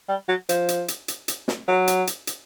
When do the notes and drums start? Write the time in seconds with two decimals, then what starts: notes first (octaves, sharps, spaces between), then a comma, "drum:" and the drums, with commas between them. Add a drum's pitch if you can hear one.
0.09 G3
0.28 F#3
0.49 F3, drum: hi-hat
0.68 drum: hi-hat
0.88 drum: hi-hat
1.08 drum: hi-hat
1.28 drum: hi-hat
1.48 drum: snare
1.68 F#3
1.88 drum: hi-hat
2.07 drum: hi-hat
2.27 drum: hi-hat